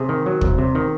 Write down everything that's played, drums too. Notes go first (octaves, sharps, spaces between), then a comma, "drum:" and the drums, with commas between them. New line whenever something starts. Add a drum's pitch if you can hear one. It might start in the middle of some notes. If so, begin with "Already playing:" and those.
Already playing: C3 G#4
D#3
F#3
C2, drum: kick
C3
D#3